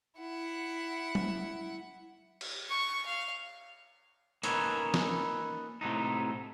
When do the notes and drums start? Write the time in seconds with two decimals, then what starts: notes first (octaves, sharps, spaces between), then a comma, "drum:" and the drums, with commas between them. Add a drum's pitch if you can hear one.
0.19 E4 F#5
1.15 drum: tom F#3
2.41 drum: cymbal
2.69 C#6
3.05 F5
4.43 A#3 C#4 D#4 A4 B4 C#5, drum: hi-hat
4.94 drum: snare
5.81 A2 C3 F#3 A3 D#4